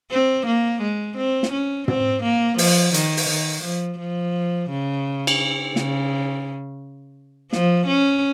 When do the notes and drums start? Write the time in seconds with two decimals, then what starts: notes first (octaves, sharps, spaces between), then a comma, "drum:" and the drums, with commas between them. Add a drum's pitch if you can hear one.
0.11 C4
0.46 A#3
0.82 G#3
1.17 C4
1.43 drum: snare
1.53 C#4
1.88 C4, drum: tom
2.23 A#3
2.58 F3, drum: open hi-hat
2.94 D#3, drum: hi-hat
3.17 drum: open hi-hat
3.29 D#3
3.64 F3
3.99 F3
4.70 C#3
5.27 drum: cymbal
5.76 C#3, drum: snare
7.53 F3, drum: snare
7.87 C#4